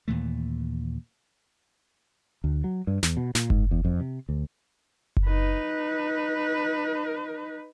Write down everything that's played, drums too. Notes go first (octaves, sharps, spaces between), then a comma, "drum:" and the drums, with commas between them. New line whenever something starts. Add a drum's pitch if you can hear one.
D#2 A#2 E3 A3
D2
F#3
G2
E2, drum: snare
B2
A#2, drum: snare
G#2, drum: kick F#1
E2
F2
C3
D2
drum: kick F#1
D#4 B4